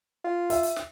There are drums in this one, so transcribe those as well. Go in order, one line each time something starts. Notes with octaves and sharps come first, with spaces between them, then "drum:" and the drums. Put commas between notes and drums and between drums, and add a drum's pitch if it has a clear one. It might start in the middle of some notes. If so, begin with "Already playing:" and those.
F4
E5, drum: hi-hat
drum: hi-hat
drum: snare